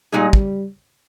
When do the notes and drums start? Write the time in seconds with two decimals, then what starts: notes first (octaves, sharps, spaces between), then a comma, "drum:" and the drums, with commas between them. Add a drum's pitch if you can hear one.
0.12 A#2 G3 G#3 D#4 G#4
0.33 drum: kick